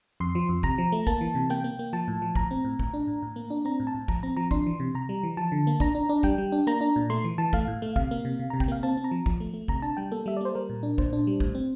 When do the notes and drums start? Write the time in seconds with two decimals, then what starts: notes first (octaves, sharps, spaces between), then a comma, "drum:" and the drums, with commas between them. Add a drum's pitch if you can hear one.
0.20 F2 C6
0.35 F3
0.49 F2
0.63 C3 A#5, drum: kick
0.78 F3
0.92 A3
1.07 A#3 A5, drum: kick
1.21 E3
1.35 C3
1.50 A#3 G5
1.64 A#3
1.79 A#3
1.93 F3 A5
2.08 A2
2.22 F3
2.35 A2 A#5, drum: kick
2.51 C4
2.65 A2
2.79 A2, drum: kick
2.93 D4
3.07 A2
3.22 A2
3.36 A#3
3.50 D4
3.65 C4 A#5
3.80 A2
3.87 A5
3.94 A2
4.08 F3 A#5, drum: kick
4.23 C4 A#5
4.37 F3 A#5
4.51 D4 C6, drum: kick
4.66 E3
4.80 C3
4.95 C3 A#5
5.09 G3
5.23 E3
5.37 F3 A5
5.52 D3
5.67 A#3
5.80 D4 A#5, drum: kick
5.95 D4
6.09 D4
6.23 G3 G5, drum: kick
6.38 G3
6.52 D4
6.67 A#3 A#5
6.81 D4
6.96 A#2
7.10 A3 C6
7.24 E3
7.38 E3 A5
7.53 A3 F5, drum: kick
7.68 A2
7.82 A3
7.96 C3 F5, drum: kick
8.11 A#3
8.25 C3
8.39 C3
8.50 C3 A#5
8.60 G5, drum: kick
8.68 A#3 F5
8.83 C4 A5
8.97 C4
9.04 A#5
9.11 F3
9.26 F3, drum: kick
9.40 A3
9.54 A3
9.68 C3 A#5, drum: kick
9.82 D4 A5
9.97 G3 G5
10.12 A#3 A4
10.26 G3 E5
10.37 D5
10.41 A#3 C5
10.55 G3 A#4
10.69 A#2
10.83 D4
10.98 A#2 C5, drum: kick
11.13 D4
11.27 G3
11.40 A2, drum: kick
11.55 C4